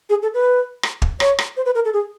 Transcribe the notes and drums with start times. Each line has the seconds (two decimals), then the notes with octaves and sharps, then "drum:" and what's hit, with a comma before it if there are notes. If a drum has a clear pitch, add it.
0.10 G#4
0.23 A4
0.34 B4
0.83 drum: rim click
1.02 drum: kick
1.20 C#5, drum: rim click
1.39 drum: rim click
1.57 C5
1.66 B4
1.75 A#4
1.85 A4
1.93 G#4